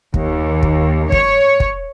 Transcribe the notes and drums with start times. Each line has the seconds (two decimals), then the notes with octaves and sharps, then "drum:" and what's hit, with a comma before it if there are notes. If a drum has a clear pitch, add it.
0.14 D#2, drum: kick
0.63 drum: kick
1.12 C#5, drum: kick
1.60 drum: kick